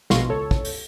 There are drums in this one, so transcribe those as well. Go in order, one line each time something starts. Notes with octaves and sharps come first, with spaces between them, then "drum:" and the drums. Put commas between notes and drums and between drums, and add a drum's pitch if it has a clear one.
A#1 B2 F5 C6 C#6 A#6, drum: snare
C#2 A4 C#5
drum: kick
drum: open hi-hat